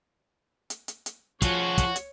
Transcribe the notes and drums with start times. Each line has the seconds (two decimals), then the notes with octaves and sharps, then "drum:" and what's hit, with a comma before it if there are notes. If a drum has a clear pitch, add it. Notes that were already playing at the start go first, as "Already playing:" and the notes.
0.70 drum: hi-hat
0.88 drum: hi-hat
1.06 drum: hi-hat
1.42 F3 F4 F#4 G#4 C#5 C#6, drum: kick, hi-hat
1.78 drum: kick, hi-hat
1.96 drum: hi-hat